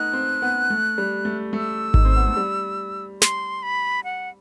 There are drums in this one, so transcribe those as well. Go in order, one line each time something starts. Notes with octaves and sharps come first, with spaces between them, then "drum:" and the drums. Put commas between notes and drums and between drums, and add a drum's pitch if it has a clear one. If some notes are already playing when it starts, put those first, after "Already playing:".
Already playing: A3 B3 D#4 F#6
C4
B3
A3
G3
A3
A3 E6
D#4, drum: kick G#1
C4
B3
A3
G3
C6, drum: snare
B5
F#5